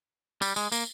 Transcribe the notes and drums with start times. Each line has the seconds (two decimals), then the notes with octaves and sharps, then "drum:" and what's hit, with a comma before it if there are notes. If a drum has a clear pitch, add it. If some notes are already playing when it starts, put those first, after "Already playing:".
0.42 G3, drum: tambourine
0.56 G#3, drum: tambourine
0.72 A#3, drum: tambourine